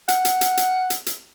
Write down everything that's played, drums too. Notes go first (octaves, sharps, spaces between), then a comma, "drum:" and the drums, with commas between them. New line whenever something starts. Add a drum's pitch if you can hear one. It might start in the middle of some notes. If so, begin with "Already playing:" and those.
F#5, drum: hi-hat
drum: hi-hat
drum: hi-hat
drum: hi-hat
drum: hi-hat
drum: hi-hat